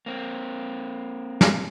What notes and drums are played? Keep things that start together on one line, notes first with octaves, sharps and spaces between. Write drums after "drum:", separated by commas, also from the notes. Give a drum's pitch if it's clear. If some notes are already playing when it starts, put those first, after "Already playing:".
A#3 C4
drum: snare